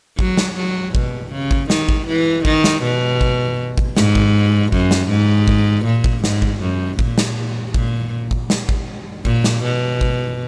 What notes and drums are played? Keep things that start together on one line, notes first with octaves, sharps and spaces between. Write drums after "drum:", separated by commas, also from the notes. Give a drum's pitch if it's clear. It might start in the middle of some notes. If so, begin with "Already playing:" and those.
F#3, drum: kick G#1
drum: snare
F#3
B2, drum: kick G#1
C#3
drum: kick G#1
D#3, drum: snare
drum: kick G#1
E3
D#3, drum: kick G#1
drum: snare
B2
drum: kick G#1
drum: kick G#1
G#2, drum: snare
drum: kick G#1
F#2, drum: kick G#1
drum: snare
G#2
drum: kick G#1
A#2
drum: kick G#1
G#2, drum: snare
drum: kick G#1
F#2
A#2, drum: kick G#1
drum: snare
A#2, drum: kick G#1
drum: kick G#1
drum: snare
drum: kick G#1
A#2, drum: kick G#1
drum: snare
B2
drum: kick G#1